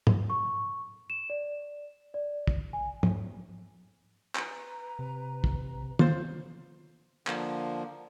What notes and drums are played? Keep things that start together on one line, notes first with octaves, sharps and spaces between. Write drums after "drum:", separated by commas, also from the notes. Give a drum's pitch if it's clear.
drum: tom
C#6
E7
D5
D5
drum: kick
G#5
drum: tom
B4 A#5, drum: clap
C3
drum: kick
F4 C5, drum: tom
D3 F3 A#3, drum: clap